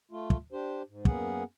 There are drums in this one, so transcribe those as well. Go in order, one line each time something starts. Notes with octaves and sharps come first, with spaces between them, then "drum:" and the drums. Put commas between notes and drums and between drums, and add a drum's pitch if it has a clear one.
A3 F4
drum: kick
D4 G4 C5
G#2
F#2 A#3 B3 C#4 G#4 F#5, drum: kick